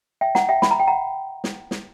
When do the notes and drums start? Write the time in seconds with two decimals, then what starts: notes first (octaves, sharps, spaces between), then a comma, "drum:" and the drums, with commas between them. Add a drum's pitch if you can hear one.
0.21 E5 G5
0.35 F#5 A#5, drum: snare
0.49 E5 G5
0.62 B5, drum: snare
0.71 A#5
0.80 G5
0.88 F#5 A#5
1.44 drum: snare
1.71 drum: snare